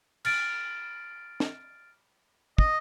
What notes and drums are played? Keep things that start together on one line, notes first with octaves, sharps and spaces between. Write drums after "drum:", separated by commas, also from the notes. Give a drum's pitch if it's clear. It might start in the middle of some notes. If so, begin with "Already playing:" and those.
F6 A6 D7, drum: cymbal
drum: snare
D#5, drum: kick